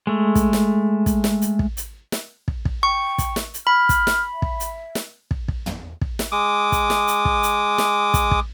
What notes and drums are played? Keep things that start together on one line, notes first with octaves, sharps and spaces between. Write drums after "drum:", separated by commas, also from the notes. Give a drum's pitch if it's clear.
G#3 A3
drum: kick, hi-hat
drum: snare
drum: kick, hi-hat
drum: snare
drum: hi-hat
drum: kick
drum: hi-hat
drum: snare
drum: kick
drum: kick
G5 C#6
drum: kick, hi-hat
drum: snare
drum: hi-hat
B5 F6
drum: kick, hi-hat
drum: snare
E5
drum: kick
drum: hi-hat
drum: snare
drum: kick
drum: kick
drum: tom
drum: kick
drum: snare
G#3 D6 D#6
drum: kick, hi-hat
drum: snare
drum: hi-hat
drum: kick
drum: hi-hat
drum: snare
drum: kick, hi-hat
drum: kick